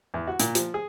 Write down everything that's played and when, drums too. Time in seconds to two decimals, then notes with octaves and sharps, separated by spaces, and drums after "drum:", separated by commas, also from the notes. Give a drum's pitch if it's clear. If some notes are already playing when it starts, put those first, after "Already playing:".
0.14 E2
0.27 F#4
0.40 A#2, drum: hi-hat
0.55 F3, drum: hi-hat
0.74 G#4